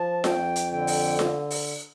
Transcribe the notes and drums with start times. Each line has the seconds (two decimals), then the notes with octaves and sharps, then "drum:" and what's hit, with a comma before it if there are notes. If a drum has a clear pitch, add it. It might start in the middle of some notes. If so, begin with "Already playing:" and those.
Already playing: F3 A5
0.24 F2 G5, drum: snare F4
0.56 drum: hi-hat
0.71 D3 G5
0.87 drum: open hi-hat
1.19 drum: snare F4
1.50 drum: open hi-hat